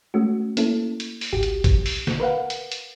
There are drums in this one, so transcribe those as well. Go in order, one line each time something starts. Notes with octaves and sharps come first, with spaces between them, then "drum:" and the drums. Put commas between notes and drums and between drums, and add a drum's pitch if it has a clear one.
G#3 A3 C#4 F#4
A#3 C#4 E4 A4, drum: hi-hat
drum: hi-hat
drum: open hi-hat
G#1 C#2 F#4 G4
drum: hi-hat
drum: kick G#1, hi-hat
drum: open hi-hat
drum: snare
A#4 B4 F5 F#5
drum: hi-hat
drum: hi-hat